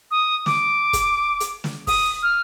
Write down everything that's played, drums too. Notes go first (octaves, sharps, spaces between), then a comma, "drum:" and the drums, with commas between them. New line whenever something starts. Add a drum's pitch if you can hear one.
D#6
D6, drum: snare
drum: kick, hi-hat
drum: hi-hat
drum: snare
D#6, drum: kick, open hi-hat
F6